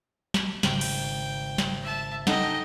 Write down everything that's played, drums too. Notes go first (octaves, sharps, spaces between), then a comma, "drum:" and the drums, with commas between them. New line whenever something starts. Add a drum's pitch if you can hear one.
drum: snare
G#1 C#3 G5, drum: snare
drum: cymbal
drum: snare
E5 A5
D#4 A4 D#5 F#5 G5, drum: snare